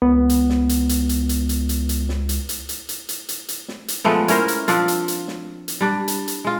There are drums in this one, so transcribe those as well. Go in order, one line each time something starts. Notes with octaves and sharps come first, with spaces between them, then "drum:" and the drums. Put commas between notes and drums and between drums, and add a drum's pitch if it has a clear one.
C#2 B3
drum: hi-hat
drum: snare
drum: hi-hat
drum: hi-hat
drum: hi-hat
drum: hi-hat
drum: hi-hat
drum: hi-hat
drum: hi-hat
drum: snare
drum: hi-hat
drum: hi-hat
drum: hi-hat
drum: hi-hat
drum: hi-hat
drum: hi-hat
drum: hi-hat
drum: snare
drum: hi-hat
F3 G#3 A3 B3
C#4 E4 A#4 C5, drum: hi-hat
drum: hi-hat
F3 C4 D4 F4, drum: hi-hat
drum: hi-hat
drum: hi-hat
drum: snare
drum: hi-hat
G3 D4
drum: hi-hat
drum: hi-hat
G#3 F4